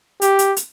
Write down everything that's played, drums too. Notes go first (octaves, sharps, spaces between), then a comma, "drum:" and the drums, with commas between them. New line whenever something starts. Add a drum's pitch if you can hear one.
G4, drum: hi-hat
drum: hi-hat
drum: hi-hat